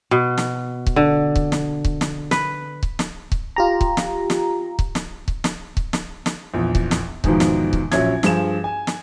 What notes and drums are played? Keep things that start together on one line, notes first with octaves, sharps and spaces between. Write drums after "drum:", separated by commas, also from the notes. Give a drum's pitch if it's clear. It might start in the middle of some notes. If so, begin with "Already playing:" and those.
B2
drum: snare
drum: kick C#1
D3
drum: kick C#1
drum: snare
drum: kick C#1
drum: snare
B4, drum: snare
drum: kick C#1
drum: snare
drum: kick C#1
F4 G4 A#5
drum: kick C#1
drum: snare
drum: snare
drum: kick C#1
drum: snare
drum: kick C#1
drum: snare
drum: kick C#1
drum: snare
drum: snare
A#1 E2
drum: kick C#1
drum: snare
E2 G#2 B2 D#3 F3, drum: kick C#1
drum: snare
drum: kick C#1
A#1 F#3 C#4 E5 G#6, drum: snare
G2 F3 G#4 E7, drum: snare
G#5
drum: snare